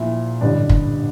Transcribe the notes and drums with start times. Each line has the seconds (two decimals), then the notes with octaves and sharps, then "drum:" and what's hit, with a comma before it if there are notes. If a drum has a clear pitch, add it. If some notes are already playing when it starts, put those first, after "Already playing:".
Already playing: A#1 A#2 E4
0.41 A1 G2 D3 D4
0.69 drum: kick